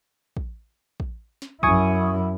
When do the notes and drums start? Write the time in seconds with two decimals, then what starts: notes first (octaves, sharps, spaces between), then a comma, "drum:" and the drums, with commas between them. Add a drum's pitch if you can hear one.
0.37 drum: kick
1.00 drum: kick
1.42 drum: snare
1.63 F#2 E4 G#5 C#6 D#6, drum: kick